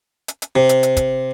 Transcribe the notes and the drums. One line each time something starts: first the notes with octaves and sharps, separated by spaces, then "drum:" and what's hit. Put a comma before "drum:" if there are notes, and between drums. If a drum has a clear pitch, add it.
drum: hi-hat
drum: hi-hat
C3
drum: hi-hat
drum: hi-hat
drum: kick, hi-hat